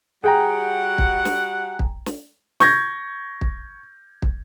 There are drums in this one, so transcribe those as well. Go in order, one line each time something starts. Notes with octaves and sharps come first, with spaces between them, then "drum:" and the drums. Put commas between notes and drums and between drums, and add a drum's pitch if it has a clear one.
G3 F#4 G#4 F#5 G5 A#5
drum: kick
drum: snare
drum: kick
drum: snare
C#6 G6 G#6 A#6, drum: snare
drum: kick
drum: kick